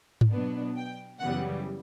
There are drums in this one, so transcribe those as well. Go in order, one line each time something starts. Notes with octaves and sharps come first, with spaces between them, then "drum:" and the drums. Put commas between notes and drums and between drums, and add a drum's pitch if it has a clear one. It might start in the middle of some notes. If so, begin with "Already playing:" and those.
drum: tom G#2
B2 F#3 B3 D4
G5
F#2 C#3 E3 G3 B3 F#5